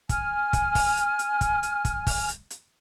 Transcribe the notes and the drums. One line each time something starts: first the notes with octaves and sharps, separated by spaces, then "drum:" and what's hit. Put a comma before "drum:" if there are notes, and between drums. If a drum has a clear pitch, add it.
G#5 F6, drum: kick, hi-hat
drum: kick, hi-hat
drum: kick, open hi-hat
drum: hi-hat
drum: hi-hat
drum: kick, hi-hat
drum: hi-hat
drum: kick, hi-hat
drum: kick, open hi-hat
drum: hi-hat
drum: hi-hat